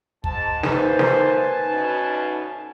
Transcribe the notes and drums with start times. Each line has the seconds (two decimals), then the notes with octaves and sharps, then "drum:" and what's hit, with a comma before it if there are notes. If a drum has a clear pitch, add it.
0.24 G#2 A5, drum: kick
0.63 A#3 D#4 B4 C5 G#5 A5 B6, drum: snare
0.99 drum: snare
1.68 D2 B2 C#4